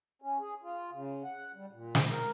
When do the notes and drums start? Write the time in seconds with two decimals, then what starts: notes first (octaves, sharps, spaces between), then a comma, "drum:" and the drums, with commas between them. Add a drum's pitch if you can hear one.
0.22 C#4
0.40 G#4
0.63 F4
0.93 C#3
1.24 F#5
1.55 G3
1.72 A#2
1.95 drum: snare
2.09 A#4